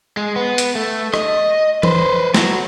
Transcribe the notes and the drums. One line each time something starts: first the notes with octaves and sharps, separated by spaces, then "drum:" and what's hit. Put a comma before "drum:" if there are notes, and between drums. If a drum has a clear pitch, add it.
G#3
B3
drum: hi-hat
A3
D#5, drum: rim click
B4 C5, drum: tom E3
F#3 F#4, drum: snare